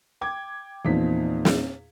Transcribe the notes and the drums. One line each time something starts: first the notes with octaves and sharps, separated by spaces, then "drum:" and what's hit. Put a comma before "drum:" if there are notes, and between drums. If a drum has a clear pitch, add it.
G5 D6 G#6
E2 A#2 F3 C4 D#4 B6
drum: snare